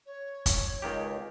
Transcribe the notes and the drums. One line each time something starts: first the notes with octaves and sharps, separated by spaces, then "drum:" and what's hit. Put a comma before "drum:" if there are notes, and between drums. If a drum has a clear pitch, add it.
C#5
drum: kick, hi-hat
C#2 D#3 G4